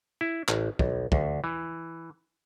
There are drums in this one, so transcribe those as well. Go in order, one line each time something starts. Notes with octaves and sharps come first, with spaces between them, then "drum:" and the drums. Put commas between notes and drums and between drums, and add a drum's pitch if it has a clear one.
E4
A1, drum: clap
B1, drum: kick
D2, drum: kick
E3